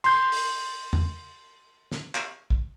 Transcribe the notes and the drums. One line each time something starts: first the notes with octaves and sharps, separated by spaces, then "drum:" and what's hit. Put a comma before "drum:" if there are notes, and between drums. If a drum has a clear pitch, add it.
C6 G6, drum: cymbal
drum: open hi-hat
drum: tom E2
drum: snare
drum: clap
drum: kick